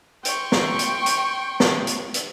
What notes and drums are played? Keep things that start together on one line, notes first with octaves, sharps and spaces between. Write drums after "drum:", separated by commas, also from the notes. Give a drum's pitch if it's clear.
G5 C6 C#6, drum: hi-hat
drum: snare
drum: hi-hat
drum: hi-hat
drum: snare
drum: hi-hat
drum: hi-hat